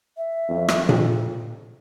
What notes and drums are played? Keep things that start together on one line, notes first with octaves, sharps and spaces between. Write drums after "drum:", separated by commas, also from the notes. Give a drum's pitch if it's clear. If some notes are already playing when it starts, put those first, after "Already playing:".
E5
F2
drum: rim click
F2
drum: tom A#2